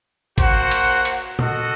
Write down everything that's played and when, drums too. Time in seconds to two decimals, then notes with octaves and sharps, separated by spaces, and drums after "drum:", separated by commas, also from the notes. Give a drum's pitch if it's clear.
0.38 A#3 F#4 C5 F#5, drum: kick, cymbal
0.71 drum: cymbal
1.05 drum: cymbal
1.39 F#4 A4 D#5 F#5, drum: tom A#2